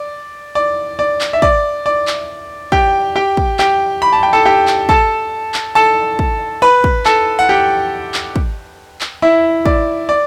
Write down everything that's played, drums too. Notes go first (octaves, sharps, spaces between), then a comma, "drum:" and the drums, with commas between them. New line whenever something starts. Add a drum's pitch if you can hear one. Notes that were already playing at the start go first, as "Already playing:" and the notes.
Already playing: D5
D5
D5
drum: clap
E5
D5, drum: kick
D5
drum: clap
G4 G5, drum: kick
G4 G5
drum: kick
G4 G5, drum: clap
B5
A5
G5
A4 A5
G4 G5
drum: clap
A4 A5, drum: kick
drum: clap
A4 A5
drum: kick
B4 B5
drum: kick
A4 A5, drum: clap
F#5
G4 G5
drum: clap
drum: kick
drum: clap
E4 E5
D5, drum: kick
D5